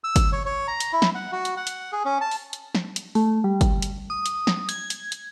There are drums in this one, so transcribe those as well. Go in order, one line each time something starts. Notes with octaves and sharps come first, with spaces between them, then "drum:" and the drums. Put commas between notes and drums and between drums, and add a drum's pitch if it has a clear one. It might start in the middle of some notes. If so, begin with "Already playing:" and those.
E6
drum: kick, hi-hat
C#5
C#5
A#5
drum: hi-hat
E4
drum: snare
F#5
F#4
drum: hi-hat
F#5
drum: hi-hat
G#4
C#4
A5
drum: open hi-hat
drum: hi-hat
drum: snare
drum: hi-hat
A3, drum: open hi-hat
G3
drum: kick, hi-hat
drum: hi-hat
D#6
drum: hi-hat
drum: snare
G#6, drum: hi-hat
drum: hi-hat
drum: hi-hat